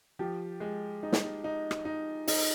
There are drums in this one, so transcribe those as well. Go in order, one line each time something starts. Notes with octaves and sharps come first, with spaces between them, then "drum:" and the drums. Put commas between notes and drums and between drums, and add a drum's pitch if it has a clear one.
F3 G4
G#3
D#4
drum: snare
D#4
drum: rim click
D#4
D#4, drum: open hi-hat